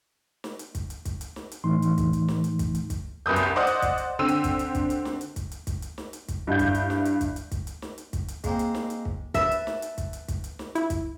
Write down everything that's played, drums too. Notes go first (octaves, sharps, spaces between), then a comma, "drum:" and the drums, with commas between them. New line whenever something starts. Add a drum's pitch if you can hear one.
drum: snare
drum: hi-hat
drum: kick, hi-hat
drum: hi-hat
drum: kick, hi-hat
drum: hi-hat
drum: snare
drum: hi-hat
A2 E3 A3 D#4 C6
drum: hi-hat
drum: kick, hi-hat
drum: hi-hat
drum: snare
drum: hi-hat
drum: kick, hi-hat
drum: hi-hat
drum: kick, hi-hat
C2 F#2 B4 D#6 G6
drum: hi-hat
C5 D5 D#5 F#5 D#6 F6
drum: hi-hat
drum: kick, hi-hat
drum: hi-hat
D3 C4 C5 E6 D#7
drum: hi-hat
drum: kick, hi-hat
drum: hi-hat
drum: kick, hi-hat
drum: hi-hat
drum: snare
drum: hi-hat
drum: kick, hi-hat
drum: hi-hat
drum: kick, hi-hat
drum: hi-hat
drum: snare
drum: hi-hat
drum: kick, hi-hat
G2 E4 F5 G6
drum: kick, hi-hat
drum: hi-hat
drum: snare
drum: hi-hat
drum: kick, hi-hat
drum: hi-hat
drum: kick, hi-hat
drum: hi-hat
drum: snare
drum: hi-hat
drum: kick, hi-hat
drum: hi-hat
G#3 A#3 C4, drum: kick, hi-hat
drum: hi-hat
drum: snare
drum: hi-hat
drum: kick
B4 E5 A5, drum: kick, hi-hat
drum: hi-hat
drum: snare
drum: hi-hat
drum: kick, hi-hat
drum: hi-hat
drum: kick, hi-hat
drum: hi-hat
drum: snare
E4, drum: hi-hat
drum: kick, hi-hat